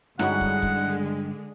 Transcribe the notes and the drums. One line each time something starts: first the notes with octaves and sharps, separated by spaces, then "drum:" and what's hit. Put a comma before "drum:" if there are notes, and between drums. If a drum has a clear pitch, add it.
G2 D3 G#3 C#4 D#4 E4 F#4 F#5, drum: snare
drum: kick
drum: kick